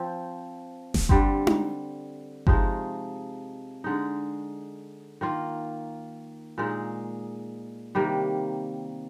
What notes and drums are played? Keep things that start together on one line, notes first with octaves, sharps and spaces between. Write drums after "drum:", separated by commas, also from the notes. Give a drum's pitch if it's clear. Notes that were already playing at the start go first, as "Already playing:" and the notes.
Already playing: F3 C4
drum: snare D#1
D3 G3 C4, drum: kick G1
drum: tom D#4
C3 F3 G#3 D#4, drum: kick G1
D3 G#3 D#4
D#3 A#3 F4
A#2 G#3 D#4
C3 D#3 G3 A#3